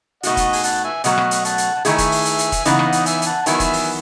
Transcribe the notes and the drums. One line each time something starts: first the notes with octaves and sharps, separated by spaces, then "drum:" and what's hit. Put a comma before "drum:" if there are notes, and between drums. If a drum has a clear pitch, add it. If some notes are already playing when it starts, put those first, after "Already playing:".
B2 A3 D#4 F#4 D#5 F#5, drum: hi-hat
drum: kick E1, hi-hat
G#5, drum: open hi-hat
F#5 A5, drum: hi-hat
E5 G#5
B2 F#3 A3 D#5 F#5, drum: hi-hat
drum: rim click
drum: hi-hat
F#5 A5, drum: hi-hat
drum: hi-hat
A5
D#3 A3 E4 G#4 E5 G#5, drum: hi-hat
drum: kick E1, hi-hat
drum: open hi-hat
drum: hi-hat
drum: hi-hat
drum: kick E1, hi-hat
C#3 E3 B3 D#4 D#5 F#5, drum: hi-hat
drum: rim click
drum: hi-hat
E5 G#5, drum: hi-hat
G#5, drum: hi-hat
F#5 A5
A5
E2 D#3 F#3 B3 E4 E5 G#5, drum: hi-hat
drum: kick E1, hi-hat
drum: open hi-hat